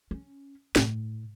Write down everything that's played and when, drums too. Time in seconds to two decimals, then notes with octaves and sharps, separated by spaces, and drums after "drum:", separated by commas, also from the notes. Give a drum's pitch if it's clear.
0.11 C#4
0.76 A2, drum: snare